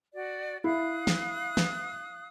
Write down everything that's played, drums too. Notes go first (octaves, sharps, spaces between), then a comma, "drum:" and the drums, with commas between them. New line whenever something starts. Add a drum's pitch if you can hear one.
F#4 D5
E4 F5 D#6 F#6
drum: snare
drum: snare